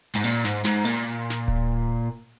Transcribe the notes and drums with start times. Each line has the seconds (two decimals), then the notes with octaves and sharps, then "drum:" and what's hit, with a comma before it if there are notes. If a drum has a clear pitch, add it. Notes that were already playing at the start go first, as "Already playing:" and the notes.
0.15 G#2
0.24 A#2
0.45 G#2, drum: snare
0.65 G#2, drum: snare
0.85 A#2
1.30 drum: snare
1.48 drum: kick D1